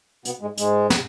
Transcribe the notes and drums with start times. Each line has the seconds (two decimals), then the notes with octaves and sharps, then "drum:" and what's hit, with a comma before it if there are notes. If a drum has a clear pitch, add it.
0.25 B2 B3, drum: hi-hat
0.41 G#2 G#3
0.57 G#2 G#3, drum: hi-hat
0.90 drum: snare